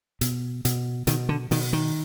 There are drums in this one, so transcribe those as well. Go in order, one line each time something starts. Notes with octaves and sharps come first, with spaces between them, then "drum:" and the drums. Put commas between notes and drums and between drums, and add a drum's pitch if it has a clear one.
B2, drum: hi-hat
B2, drum: hi-hat
B2 D#3, drum: hi-hat
D3
B2 D#3, drum: open hi-hat
D#3